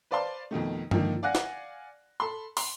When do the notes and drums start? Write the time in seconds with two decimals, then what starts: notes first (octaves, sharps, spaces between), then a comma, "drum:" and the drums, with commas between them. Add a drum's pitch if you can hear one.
0.11 B4 C5 D5 F5 A5 C6
0.51 F2 B2 D#3 A3
0.91 D3 D#3 F3 A#3, drum: tom G2
1.23 D5 F5 F#5 G#5 F#6 A#6
1.35 drum: snare
2.20 A4 B5 C6
2.57 C6, drum: open hi-hat